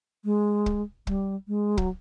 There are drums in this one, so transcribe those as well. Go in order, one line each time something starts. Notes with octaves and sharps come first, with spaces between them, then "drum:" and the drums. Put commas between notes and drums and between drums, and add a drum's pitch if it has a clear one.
G#3
drum: kick
G3, drum: kick
G#3
F#3, drum: kick